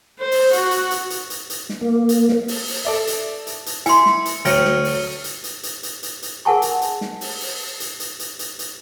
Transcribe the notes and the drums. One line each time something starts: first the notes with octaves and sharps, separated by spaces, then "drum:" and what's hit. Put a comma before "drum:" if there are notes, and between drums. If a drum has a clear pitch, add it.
C5
drum: open hi-hat
F#4, drum: hi-hat
drum: hi-hat
drum: hi-hat
drum: hi-hat
drum: hi-hat
drum: hi-hat
drum: snare
A#3
drum: hi-hat
drum: snare
drum: open hi-hat
drum: open hi-hat
A4 D5 E5
drum: hi-hat
drum: hi-hat
drum: hi-hat
E4 G#5 C6 C#7, drum: hi-hat
drum: snare
drum: hi-hat
D2 F#3 G5 F6 A#6 C#7 D#7, drum: hi-hat
drum: snare
drum: open hi-hat
drum: hi-hat
drum: hi-hat
drum: hi-hat
drum: hi-hat
drum: hi-hat
drum: hi-hat
G#4 A#4 F#5 G#5 A5 C#6
drum: hi-hat
drum: hi-hat
drum: snare
drum: open hi-hat
drum: open hi-hat
drum: hi-hat
drum: hi-hat
drum: hi-hat
drum: hi-hat
drum: hi-hat